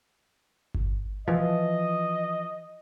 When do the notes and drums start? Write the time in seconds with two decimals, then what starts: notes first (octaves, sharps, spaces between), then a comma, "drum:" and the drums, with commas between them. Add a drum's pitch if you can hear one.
0.74 drum: kick G1
1.28 E3 F3 D#5